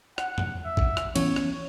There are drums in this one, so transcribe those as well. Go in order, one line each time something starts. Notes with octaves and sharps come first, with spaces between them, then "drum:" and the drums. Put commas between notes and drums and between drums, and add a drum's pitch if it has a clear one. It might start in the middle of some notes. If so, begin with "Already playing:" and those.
F#5, drum: rim click
drum: tom E2
E5
drum: kick
drum: rim click
E3 B3 C#4 C#5, drum: cymbal
drum: rim click